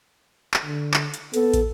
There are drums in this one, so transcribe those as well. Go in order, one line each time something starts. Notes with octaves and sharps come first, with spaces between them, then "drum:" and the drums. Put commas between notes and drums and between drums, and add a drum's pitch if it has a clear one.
drum: clap
D3
drum: clap
drum: hi-hat
B3 A4, drum: hi-hat
drum: kick, hi-hat